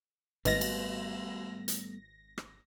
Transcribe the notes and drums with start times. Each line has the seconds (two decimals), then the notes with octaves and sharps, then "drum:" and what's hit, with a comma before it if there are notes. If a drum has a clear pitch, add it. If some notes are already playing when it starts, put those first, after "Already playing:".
0.45 G#1 G3 A3 B3 B4 D#5 A#6, drum: cymbal
0.61 drum: cymbal
1.68 drum: hi-hat
2.38 drum: rim click